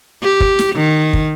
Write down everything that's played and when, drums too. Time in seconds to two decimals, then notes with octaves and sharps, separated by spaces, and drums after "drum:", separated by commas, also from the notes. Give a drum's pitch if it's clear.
0.22 G4
0.40 drum: kick
0.59 drum: snare
0.76 D#3
1.13 drum: kick